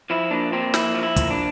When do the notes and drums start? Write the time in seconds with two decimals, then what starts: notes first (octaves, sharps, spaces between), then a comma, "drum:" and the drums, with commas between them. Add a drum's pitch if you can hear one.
0.10 F3 E4
0.31 A#2 D4
0.52 A#2 C4
0.74 F3 E4, drum: snare
0.95 F3
1.03 E4
1.16 A#2, drum: kick, hi-hat
1.30 D4